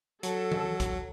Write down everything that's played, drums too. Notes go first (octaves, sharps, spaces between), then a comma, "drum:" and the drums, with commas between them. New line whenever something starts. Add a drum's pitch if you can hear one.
F#3 A4, drum: hi-hat
drum: tom E3
drum: kick, hi-hat